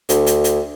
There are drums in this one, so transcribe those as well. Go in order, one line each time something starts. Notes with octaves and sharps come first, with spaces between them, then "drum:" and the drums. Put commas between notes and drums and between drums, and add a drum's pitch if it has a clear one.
D2, drum: hi-hat
drum: hi-hat
drum: hi-hat